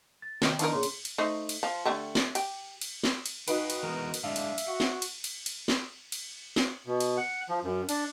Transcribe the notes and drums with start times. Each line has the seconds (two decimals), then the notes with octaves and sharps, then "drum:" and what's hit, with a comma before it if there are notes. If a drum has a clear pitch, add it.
0.22 A6
0.42 D#2 C3 F4 G4, drum: snare
0.59 D#3 B3 D4 D#4 F4 A#4 A5, drum: cymbal
0.73 A#2 C#3 G#4 C#5 C6
0.83 drum: cymbal
1.05 drum: cymbal
1.18 A3 D#4 C5
1.49 drum: cymbal
1.63 F3
1.85 D3 G3 A3
2.15 drum: snare
2.35 G4, drum: cymbal
2.81 drum: cymbal
3.04 drum: snare
3.26 drum: cymbal
3.48 D#4 F#4 B4 F5 G5 B5, drum: cymbal
3.70 drum: cymbal
3.83 E3 G#3 B3 A#4
4.14 drum: cymbal
4.23 A2 G#3 D4 E5 F5
4.36 drum: cymbal
4.58 drum: cymbal
4.67 F#4 F#5
4.80 drum: snare
5.02 drum: cymbal
5.24 drum: cymbal
5.46 drum: cymbal
5.68 drum: snare
6.12 drum: cymbal
6.56 drum: snare
6.87 B2
7.00 drum: cymbal
7.17 F#5
7.49 F3
7.63 F#2
7.89 D4, drum: cymbal